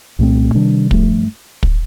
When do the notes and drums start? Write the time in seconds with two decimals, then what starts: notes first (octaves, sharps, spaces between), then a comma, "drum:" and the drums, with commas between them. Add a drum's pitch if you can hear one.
0.19 C2 A#2 A3 C4
0.55 C3 D#3 G3 D4
0.91 G2 F3 A3, drum: kick
1.63 drum: kick